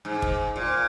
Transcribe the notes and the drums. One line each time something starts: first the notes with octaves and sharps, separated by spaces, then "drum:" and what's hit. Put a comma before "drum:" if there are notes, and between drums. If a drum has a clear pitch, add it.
G#2
drum: kick
A#2